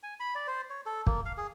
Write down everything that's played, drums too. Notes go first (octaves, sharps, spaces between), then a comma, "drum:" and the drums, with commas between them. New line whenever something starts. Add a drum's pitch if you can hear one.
G#5
B5
D5
C5
C#5
A4
A#3, drum: kick
F5
G#4